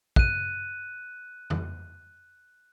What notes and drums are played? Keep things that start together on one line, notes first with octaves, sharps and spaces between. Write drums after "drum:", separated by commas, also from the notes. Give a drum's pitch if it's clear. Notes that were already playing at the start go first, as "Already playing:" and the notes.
F#6 D#7, drum: kick
drum: tom F2